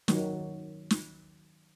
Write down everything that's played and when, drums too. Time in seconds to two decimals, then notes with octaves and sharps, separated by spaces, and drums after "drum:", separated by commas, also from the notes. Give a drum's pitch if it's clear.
0.08 D#3 F#3, drum: snare
0.91 drum: snare